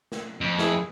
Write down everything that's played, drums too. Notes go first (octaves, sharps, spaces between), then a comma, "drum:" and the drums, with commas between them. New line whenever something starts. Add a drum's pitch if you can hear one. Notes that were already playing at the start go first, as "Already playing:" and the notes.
drum: snare
F2
E4 G#4, drum: snare